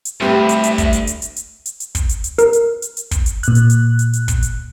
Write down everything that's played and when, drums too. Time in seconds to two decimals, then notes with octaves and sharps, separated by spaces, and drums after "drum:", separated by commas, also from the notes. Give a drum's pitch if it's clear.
0.05 drum: hi-hat
0.21 D2 A2 G3 C4 G4 B4 E5
0.49 drum: hi-hat
0.64 drum: hi-hat
0.78 drum: kick, hi-hat
0.93 drum: hi-hat
1.07 drum: hi-hat
1.22 drum: hi-hat
1.36 drum: hi-hat
1.66 drum: hi-hat
1.80 drum: hi-hat
1.95 drum: kick, hi-hat
2.09 drum: hi-hat
2.24 drum: hi-hat
2.38 A#4, drum: hi-hat
2.53 drum: hi-hat
2.82 drum: hi-hat
2.97 drum: hi-hat
3.11 drum: kick, hi-hat
3.26 drum: hi-hat
3.43 A#2 F#6, drum: hi-hat
3.55 drum: hi-hat
3.70 drum: hi-hat
3.99 drum: hi-hat
4.13 drum: hi-hat
4.28 drum: kick, hi-hat
4.43 drum: hi-hat